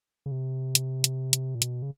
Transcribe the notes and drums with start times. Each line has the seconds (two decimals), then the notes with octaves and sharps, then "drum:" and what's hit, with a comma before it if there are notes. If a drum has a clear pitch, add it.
0.26 C#3
0.31 C3
0.75 drum: hi-hat
1.04 drum: hi-hat
1.33 drum: hi-hat
1.55 A#2
1.62 B2, drum: hi-hat
1.82 C#3